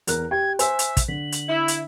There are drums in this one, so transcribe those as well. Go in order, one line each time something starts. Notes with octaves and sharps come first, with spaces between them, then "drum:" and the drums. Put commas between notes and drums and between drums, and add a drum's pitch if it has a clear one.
E2 A#4 F#6, drum: hi-hat
G4 G5 G#6
C5 E5 G#5, drum: hi-hat
drum: hi-hat
drum: kick, hi-hat
D3 B6 F#7
drum: hi-hat
E4
drum: hi-hat